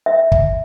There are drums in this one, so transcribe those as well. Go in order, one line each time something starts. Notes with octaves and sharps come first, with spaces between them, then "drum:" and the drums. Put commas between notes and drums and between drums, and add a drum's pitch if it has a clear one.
E5
drum: kick